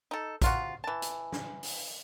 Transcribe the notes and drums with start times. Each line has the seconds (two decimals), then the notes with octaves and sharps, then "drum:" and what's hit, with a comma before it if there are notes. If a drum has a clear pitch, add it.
0.11 D#4 A4
0.42 C3 F4 F#4, drum: kick A#1, hi-hat
0.84 E3 A5
1.02 drum: hi-hat
1.32 drum: snare
1.63 drum: open hi-hat